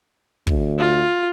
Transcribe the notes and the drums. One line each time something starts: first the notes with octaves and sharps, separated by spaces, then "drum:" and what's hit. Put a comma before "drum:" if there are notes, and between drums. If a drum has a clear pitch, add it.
D2, drum: kick
F4